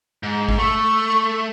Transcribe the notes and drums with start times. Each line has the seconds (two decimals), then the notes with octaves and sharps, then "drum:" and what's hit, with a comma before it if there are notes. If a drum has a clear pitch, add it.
0.23 G#2
0.49 drum: kick G#1
0.58 A3 C#6